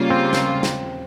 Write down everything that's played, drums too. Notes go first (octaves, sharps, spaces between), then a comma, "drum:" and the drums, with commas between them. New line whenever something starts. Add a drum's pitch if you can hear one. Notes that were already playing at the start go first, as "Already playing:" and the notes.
Already playing: C#3 G3 A#3 F4
C4
drum: snare
drum: snare